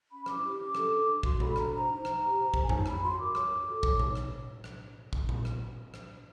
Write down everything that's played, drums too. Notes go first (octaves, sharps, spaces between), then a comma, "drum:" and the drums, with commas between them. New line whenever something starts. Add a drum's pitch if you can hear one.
C#4 B5
E4 D6, drum: rim click
G4
C#4
A4, drum: rim click
D4
D4
F#4 C6, drum: kick
A4 B5, drum: tom B2
D4 A#5, drum: rim click
C5 A#5
D#4
D#4, drum: rim click
G4
C5
D#4, drum: kick
G#5
C#5 A5, drum: tom F2
F#4 B5, drum: rim click
F#4 C6
A#4 D6
C#5, drum: rim click
F#4
A4
C#5, drum: kick
D#4, drum: tom B2
drum: rim click
drum: rim click
drum: kick
drum: tom A#2
drum: rim click
drum: rim click